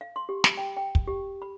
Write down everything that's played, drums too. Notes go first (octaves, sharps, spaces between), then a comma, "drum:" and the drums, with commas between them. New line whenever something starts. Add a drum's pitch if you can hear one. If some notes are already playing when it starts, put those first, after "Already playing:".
F5
C6
G4
B5, drum: snare
G5
G5
drum: kick
G4
B5